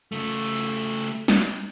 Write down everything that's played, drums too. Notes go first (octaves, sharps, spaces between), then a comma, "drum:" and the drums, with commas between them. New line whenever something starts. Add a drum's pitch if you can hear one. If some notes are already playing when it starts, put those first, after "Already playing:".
C#3 A3
drum: snare